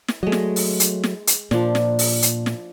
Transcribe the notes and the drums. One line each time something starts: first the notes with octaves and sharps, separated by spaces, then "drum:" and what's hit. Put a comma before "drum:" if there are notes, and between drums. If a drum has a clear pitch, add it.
drum: snare
F#3 G#3 A3 D#5
drum: snare
drum: open hi-hat
drum: hi-hat
drum: snare
drum: hi-hat
A#2 F3 D4, drum: snare
drum: snare
drum: open hi-hat
drum: hi-hat
drum: snare